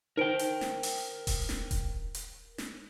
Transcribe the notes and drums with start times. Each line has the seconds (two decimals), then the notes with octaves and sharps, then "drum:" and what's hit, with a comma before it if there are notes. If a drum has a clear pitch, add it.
0.17 D#4 A#4 C5 G5 D7
0.39 drum: hi-hat
0.61 drum: snare
0.83 drum: open hi-hat
1.27 drum: kick D#1, open hi-hat
1.49 drum: snare
1.71 drum: kick D#1, hi-hat
2.15 drum: hi-hat
2.58 drum: snare